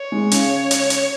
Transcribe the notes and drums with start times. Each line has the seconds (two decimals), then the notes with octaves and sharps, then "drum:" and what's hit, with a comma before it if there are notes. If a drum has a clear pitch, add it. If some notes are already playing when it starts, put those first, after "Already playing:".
Already playing: C#5
0.12 G#3
0.31 C#3, drum: hi-hat
0.71 drum: hi-hat
0.90 drum: hi-hat